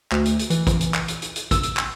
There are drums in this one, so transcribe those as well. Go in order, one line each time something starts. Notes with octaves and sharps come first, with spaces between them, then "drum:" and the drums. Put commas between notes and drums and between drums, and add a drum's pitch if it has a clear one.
D2, drum: clap
drum: hi-hat
drum: hi-hat
E3, drum: hi-hat
drum: kick, hi-hat
drum: hi-hat
drum: clap
drum: hi-hat
drum: hi-hat
drum: hi-hat
E6, drum: kick, hi-hat
drum: hi-hat
drum: clap